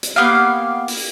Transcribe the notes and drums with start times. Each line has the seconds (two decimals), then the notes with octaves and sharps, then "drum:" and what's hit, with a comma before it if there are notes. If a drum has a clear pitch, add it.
0.03 drum: hi-hat
0.16 A#3 B3 G4 F5
0.88 drum: open hi-hat